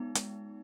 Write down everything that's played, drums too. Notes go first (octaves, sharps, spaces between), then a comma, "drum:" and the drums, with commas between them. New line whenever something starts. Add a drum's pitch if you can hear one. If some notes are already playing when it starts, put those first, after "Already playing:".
Already playing: G#3 B3 D#4
G#3, drum: hi-hat